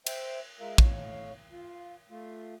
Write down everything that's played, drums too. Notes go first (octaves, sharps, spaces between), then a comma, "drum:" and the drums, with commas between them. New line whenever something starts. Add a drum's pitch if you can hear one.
C5 E5 G5, drum: cymbal
G#3 F4 A#4 E5 F5
A2 C#5 F5, drum: kick
F4
A3 F4